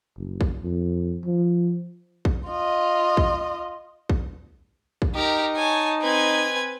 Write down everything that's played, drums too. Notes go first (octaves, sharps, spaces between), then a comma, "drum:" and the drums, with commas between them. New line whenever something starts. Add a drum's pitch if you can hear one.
F#1
drum: kick
F2
F3
drum: kick
F4 D#5
drum: kick
drum: kick
drum: kick
D#4 G4 A#4 A#5
C#5 G#5 A5
C4 B4 G#5 G#6